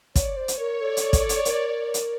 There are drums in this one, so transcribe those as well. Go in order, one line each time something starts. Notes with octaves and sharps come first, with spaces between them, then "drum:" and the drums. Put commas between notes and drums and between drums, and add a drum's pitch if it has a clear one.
C#5 D5, drum: kick, hi-hat
C5
C#5, drum: hi-hat
A#4
A4 D5
drum: hi-hat
drum: kick, hi-hat
drum: hi-hat
A#4 D5, drum: hi-hat
drum: hi-hat